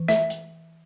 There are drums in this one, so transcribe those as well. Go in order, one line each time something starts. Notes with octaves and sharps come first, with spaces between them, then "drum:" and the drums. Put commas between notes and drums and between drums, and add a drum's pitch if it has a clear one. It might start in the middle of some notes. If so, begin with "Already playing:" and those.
Already playing: E3
E5, drum: snare
drum: hi-hat